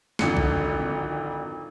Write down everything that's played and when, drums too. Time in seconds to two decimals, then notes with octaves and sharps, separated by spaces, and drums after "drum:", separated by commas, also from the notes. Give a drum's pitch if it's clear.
0.19 G#1 F2 D3 C#7, drum: snare
0.37 drum: kick B1